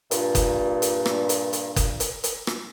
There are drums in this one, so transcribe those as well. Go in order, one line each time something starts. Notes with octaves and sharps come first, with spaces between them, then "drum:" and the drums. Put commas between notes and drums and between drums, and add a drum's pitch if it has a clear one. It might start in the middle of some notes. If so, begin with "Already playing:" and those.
G2 A#2, drum: hi-hat
drum: kick F#1, hi-hat
drum: hi-hat
drum: rim click
drum: hi-hat
drum: hi-hat
drum: kick F#1, hi-hat
drum: hi-hat
drum: hi-hat
drum: rim click